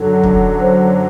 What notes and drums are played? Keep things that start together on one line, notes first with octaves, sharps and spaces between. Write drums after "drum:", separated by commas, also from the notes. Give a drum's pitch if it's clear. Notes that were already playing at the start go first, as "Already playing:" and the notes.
Already playing: F#2 D3 F#3 A4
drum: kick
C5